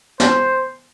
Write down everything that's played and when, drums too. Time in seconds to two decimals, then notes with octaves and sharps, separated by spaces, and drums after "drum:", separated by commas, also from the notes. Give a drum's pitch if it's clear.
0.20 C5, drum: snare